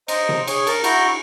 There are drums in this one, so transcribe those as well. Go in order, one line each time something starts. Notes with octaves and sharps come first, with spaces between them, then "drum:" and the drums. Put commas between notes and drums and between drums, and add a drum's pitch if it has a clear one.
C5 D#5 A#5, drum: cymbal
drum: tom C3
G#4 C#5, drum: cymbal
A#4 A5, drum: cymbal
E4 F#4 A#5 G6, drum: cymbal